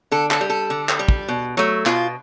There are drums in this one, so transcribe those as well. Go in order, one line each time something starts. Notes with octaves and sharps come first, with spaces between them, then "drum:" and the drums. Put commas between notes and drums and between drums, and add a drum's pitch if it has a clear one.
D3 A4
A4, drum: clap
G3
A4
D3
drum: clap
G3
drum: kick
B2
F#3 A3
B2 F4, drum: clap